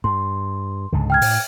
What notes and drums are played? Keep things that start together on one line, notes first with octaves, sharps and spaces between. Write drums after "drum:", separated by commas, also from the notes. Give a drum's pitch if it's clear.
G2 C6
C#2 G#2 D3
G5 F6 G#6
A2, drum: open hi-hat